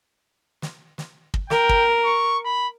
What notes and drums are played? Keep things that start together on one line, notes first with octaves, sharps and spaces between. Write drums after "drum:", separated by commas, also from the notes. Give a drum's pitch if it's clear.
drum: snare
drum: snare
drum: kick
A#4 G5, drum: snare
drum: kick
C#6
B5